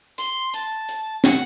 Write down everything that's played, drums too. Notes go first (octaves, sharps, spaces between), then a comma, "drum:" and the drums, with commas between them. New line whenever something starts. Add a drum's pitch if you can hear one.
C6, drum: hi-hat
A5, drum: hi-hat
drum: hi-hat
F#5, drum: snare